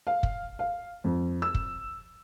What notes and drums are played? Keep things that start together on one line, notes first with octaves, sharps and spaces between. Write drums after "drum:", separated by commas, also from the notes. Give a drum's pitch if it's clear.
F5
drum: kick
F5
F2
E6
drum: kick